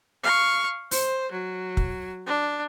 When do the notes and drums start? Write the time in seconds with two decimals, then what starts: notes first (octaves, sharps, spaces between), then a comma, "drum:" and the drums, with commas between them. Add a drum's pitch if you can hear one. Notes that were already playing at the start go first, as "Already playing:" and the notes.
0.24 F5 C#6
0.91 C5, drum: open hi-hat
1.32 F#3
1.77 drum: kick
2.27 D4